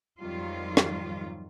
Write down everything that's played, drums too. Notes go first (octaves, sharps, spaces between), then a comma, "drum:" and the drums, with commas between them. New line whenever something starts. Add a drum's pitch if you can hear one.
F2 G#2 D#3 F#3 G3 F4
drum: rim click